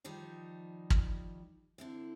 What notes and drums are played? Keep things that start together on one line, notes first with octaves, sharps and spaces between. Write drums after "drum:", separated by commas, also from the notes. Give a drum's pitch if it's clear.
D#3 F3 G3 D#4
drum: kick
D3 C4 E4